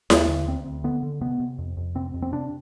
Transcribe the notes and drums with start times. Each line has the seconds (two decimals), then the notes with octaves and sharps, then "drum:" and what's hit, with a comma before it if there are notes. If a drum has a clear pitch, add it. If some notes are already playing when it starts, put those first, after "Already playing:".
0.10 D#2, drum: snare E4
0.29 D3
0.47 D2 C4
0.66 D2
0.84 D3 B3
1.03 D3
1.21 C3 B3
1.40 C3
1.58 F2
1.77 F2
1.95 C3 C4
2.14 F2
2.22 C4
2.32 C3 D4